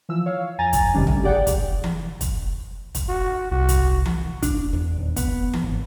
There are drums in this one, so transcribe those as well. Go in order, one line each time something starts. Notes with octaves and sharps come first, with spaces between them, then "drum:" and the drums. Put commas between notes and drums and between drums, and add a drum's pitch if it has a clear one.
E3 F3 E6
C#5 F5
F2 G#5 A#5 A6
drum: kick, hi-hat
F2 C3 D#3 G3 C#4 D4
A2 A3, drum: tom
G4 G#4 D5 F#5 G5
drum: kick, hi-hat
drum: tom E3
drum: kick, hi-hat
drum: kick, hi-hat
F#4
C2 F#4
drum: kick, hi-hat
drum: tom E3
D4, drum: kick, hi-hat
E2
D#1
B3, drum: kick, hi-hat
drum: tom E3
G#1